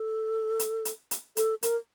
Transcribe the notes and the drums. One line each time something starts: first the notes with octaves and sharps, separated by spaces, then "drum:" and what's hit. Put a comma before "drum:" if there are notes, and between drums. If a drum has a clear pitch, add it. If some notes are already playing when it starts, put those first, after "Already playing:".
Already playing: A4
drum: hi-hat
drum: hi-hat
drum: hi-hat
A4, drum: hi-hat
A#4, drum: hi-hat